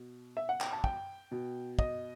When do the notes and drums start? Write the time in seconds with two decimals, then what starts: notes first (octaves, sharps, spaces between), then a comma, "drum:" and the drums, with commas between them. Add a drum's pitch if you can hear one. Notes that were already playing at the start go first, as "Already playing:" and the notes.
Already playing: B2
0.37 E5
0.49 F#5
0.61 G5, drum: clap
0.72 A5
0.84 G5, drum: kick
1.31 B2
1.79 D#5, drum: kick